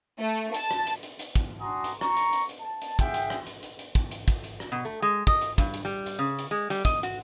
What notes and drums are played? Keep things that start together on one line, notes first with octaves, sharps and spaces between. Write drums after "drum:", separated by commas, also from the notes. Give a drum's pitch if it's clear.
A3
A5, drum: hi-hat
drum: rim click
drum: hi-hat
drum: hi-hat
drum: hi-hat
drum: kick, hi-hat
D4 F#4 G#5 A#5 C6 D#6
drum: hi-hat
A#5 C#6, drum: rim click
drum: hi-hat
drum: hi-hat
drum: hi-hat
A5
drum: hi-hat
G#4 E5 F#5 G5, drum: kick, hi-hat
drum: hi-hat
drum: rim click
drum: hi-hat
drum: hi-hat
drum: hi-hat
drum: kick, hi-hat
drum: hi-hat
drum: kick, hi-hat
drum: hi-hat
drum: rim click
B2
A3
G#3
D#5, drum: kick
drum: hi-hat
G2, drum: kick, hi-hat
drum: hi-hat
G3
drum: hi-hat
C#3
drum: hi-hat
G#3
G3, drum: hi-hat
D#5, drum: kick, hi-hat
F#4, drum: hi-hat